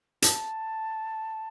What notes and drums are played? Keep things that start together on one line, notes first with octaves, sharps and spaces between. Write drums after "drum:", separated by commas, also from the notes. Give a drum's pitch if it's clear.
A5, drum: hi-hat